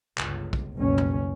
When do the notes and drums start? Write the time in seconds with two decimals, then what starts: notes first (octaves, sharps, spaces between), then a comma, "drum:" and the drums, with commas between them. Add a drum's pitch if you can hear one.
0.18 G1 C#2, drum: clap
0.53 drum: kick
0.75 F#1 C#2 B2 C#4
0.97 drum: tom